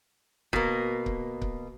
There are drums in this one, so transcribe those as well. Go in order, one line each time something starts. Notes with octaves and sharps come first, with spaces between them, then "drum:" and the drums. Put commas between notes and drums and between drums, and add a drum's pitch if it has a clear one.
B2 A#3, drum: kick C#1
drum: kick C#1
drum: kick C#1